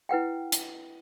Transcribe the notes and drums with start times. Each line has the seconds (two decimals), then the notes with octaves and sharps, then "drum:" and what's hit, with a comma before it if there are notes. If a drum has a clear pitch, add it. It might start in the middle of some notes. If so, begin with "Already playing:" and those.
0.09 E4 B4 F#5 G5
0.52 drum: hi-hat